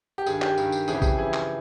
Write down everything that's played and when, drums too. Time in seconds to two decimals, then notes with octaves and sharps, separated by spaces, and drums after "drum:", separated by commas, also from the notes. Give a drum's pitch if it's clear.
0.18 G4
0.26 G2 D#3 G#4, drum: tambourine
0.42 G4, drum: clap
0.58 G2 D#3, drum: tambourine
0.72 drum: tambourine
0.88 F2 C#3 E3 G#4, drum: tambourine
0.95 G4
1.02 G#4, drum: kick, tambourine
1.18 F2 C#3 E3 G#4
1.34 drum: clap